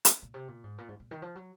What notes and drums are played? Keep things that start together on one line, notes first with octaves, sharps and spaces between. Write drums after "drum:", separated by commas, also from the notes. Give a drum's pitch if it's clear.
drum: hi-hat
A#2
C3
A#2
G#2
A#2
G#2
A#2
D#3
F3
F#3